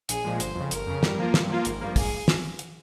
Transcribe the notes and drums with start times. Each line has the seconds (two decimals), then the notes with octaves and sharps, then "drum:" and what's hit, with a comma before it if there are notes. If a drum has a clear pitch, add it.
0.09 A#1 G#4, drum: hi-hat
0.24 A#2 F3 G#3
0.40 G1 C5, drum: hi-hat
0.55 F2
0.60 C#3
0.71 G1 A#4, drum: hi-hat
0.87 F2 C#3
1.03 G2, drum: snare
1.18 F3 A#3 F4
1.34 G2, drum: snare
1.49 F3 A#3 F4
1.65 G#1 A#4, drum: hi-hat
1.81 G2 F3 A#3
1.96 G#1 G#4, drum: kick, open hi-hat
2.28 drum: snare
2.59 drum: hi-hat